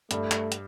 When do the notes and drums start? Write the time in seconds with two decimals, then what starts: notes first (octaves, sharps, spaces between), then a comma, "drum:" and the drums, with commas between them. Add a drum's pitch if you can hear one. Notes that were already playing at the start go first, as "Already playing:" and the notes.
0.11 G2 A3, drum: hi-hat
0.31 drum: clap
0.52 drum: hi-hat